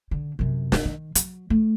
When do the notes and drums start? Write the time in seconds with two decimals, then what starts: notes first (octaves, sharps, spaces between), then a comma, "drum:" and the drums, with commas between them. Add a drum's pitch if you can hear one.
0.11 D3
0.39 F#2 C3
0.72 drum: snare
0.85 D#3
1.15 F#3, drum: hi-hat
1.50 A3